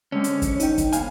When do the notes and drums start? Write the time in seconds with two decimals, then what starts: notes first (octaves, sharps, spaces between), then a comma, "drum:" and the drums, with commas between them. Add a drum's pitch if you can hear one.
0.12 D3 G#3 C4 C#4
0.24 drum: hi-hat
0.42 drum: kick, hi-hat
0.60 D#4 G5, drum: hi-hat
0.78 drum: kick, hi-hat
0.93 B3 F5 G#5, drum: hi-hat